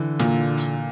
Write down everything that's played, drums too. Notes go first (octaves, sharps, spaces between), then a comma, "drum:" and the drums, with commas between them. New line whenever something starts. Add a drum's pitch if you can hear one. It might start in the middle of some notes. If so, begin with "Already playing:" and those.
Already playing: D3 E3
A#2, drum: snare
drum: hi-hat